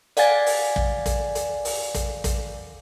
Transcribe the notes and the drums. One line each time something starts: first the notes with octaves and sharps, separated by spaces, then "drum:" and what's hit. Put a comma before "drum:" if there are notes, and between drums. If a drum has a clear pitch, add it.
D5 F5 F#5 G#5 A6, drum: hi-hat
drum: open hi-hat
drum: kick
drum: kick, hi-hat
drum: hi-hat
drum: open hi-hat
drum: kick, hi-hat
drum: kick, hi-hat